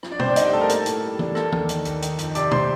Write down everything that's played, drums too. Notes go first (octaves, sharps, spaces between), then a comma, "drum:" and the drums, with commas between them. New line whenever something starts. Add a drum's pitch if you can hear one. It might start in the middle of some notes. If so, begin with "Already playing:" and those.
F3, drum: rim click
D4 D5
G2 C4 C5, drum: tom
D4 D5
D3 D#4 D#5, drum: hi-hat
G4 G5
A3 A4 A5
A#4 A#5
A#3 A4 A5, drum: hi-hat
A2, drum: hi-hat
G3
D4, drum: tom
A#3 A4 A5, drum: rim click
D#2, drum: tom
D#3, drum: hi-hat
D#2, drum: hi-hat
D#3, drum: hi-hat
F2, drum: hi-hat
C3 D5 D6, drum: hi-hat
C5 C6, drum: tom